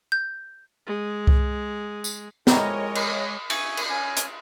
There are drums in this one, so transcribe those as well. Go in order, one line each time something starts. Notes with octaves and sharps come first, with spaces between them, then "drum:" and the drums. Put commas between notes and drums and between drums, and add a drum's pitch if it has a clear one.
G6
G#3
drum: kick C2
drum: tambourine
F2 G#3 D#4 E4 G4 A#4 C#5 D#5, drum: snare
drum: cymbal
E5 G#5 C#6 D#6, drum: cymbal
drum: cymbal
C#4 G#5
drum: hi-hat